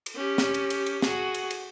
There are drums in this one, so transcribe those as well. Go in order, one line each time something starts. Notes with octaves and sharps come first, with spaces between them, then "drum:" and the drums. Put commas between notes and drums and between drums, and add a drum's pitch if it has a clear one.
drum: cymbal
C#4 G4
drum: snare
drum: cymbal
drum: cymbal
drum: cymbal
F#4 G#4, drum: snare
drum: cymbal
drum: cymbal